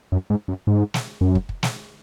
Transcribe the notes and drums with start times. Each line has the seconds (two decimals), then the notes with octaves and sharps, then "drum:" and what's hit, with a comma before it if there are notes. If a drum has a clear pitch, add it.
0.12 F#2
0.30 G#2
0.48 F#2
0.67 G#2
0.94 drum: snare
1.21 F#2
1.35 drum: kick
1.49 drum: kick
1.63 drum: snare